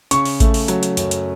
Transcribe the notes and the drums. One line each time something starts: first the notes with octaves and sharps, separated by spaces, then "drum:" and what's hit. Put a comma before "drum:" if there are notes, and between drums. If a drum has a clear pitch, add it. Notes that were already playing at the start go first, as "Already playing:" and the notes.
C#3 C#6, drum: hi-hat
drum: open hi-hat
A3, drum: kick A1, hi-hat
drum: open hi-hat
F#3, drum: hi-hat
drum: hi-hat
F#2, drum: hi-hat
drum: hi-hat